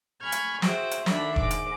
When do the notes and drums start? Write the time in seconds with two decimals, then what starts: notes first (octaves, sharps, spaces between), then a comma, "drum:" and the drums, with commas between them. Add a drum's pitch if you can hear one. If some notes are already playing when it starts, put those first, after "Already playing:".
0.21 G#5 B5 C#6 F6 G#6
0.32 drum: hi-hat
0.62 F#4 G#4 C5 E5 G5, drum: snare
0.91 drum: hi-hat
1.06 D2 D#3 D4 E5 B5, drum: snare
1.36 G#2 D6, drum: kick E1
1.51 drum: hi-hat